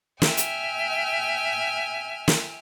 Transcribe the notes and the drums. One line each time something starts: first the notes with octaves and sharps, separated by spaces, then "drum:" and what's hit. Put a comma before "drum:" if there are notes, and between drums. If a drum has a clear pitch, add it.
E5 G5 G#5 F6, drum: snare
drum: hi-hat
drum: snare